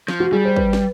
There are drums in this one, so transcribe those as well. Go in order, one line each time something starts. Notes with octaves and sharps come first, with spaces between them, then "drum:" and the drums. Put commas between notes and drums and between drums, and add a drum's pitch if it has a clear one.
F3, drum: snare
F#4
G3 G#4
C5
B4, drum: kick
drum: snare